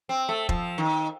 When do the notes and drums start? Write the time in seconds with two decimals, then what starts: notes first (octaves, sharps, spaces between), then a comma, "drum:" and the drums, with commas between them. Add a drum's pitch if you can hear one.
0.09 C4
0.29 A3
0.49 F3, drum: kick E1
0.78 D#3